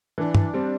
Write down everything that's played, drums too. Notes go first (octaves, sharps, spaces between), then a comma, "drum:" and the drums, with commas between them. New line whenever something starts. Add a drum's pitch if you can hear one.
E3 D4
drum: tom
G3 C4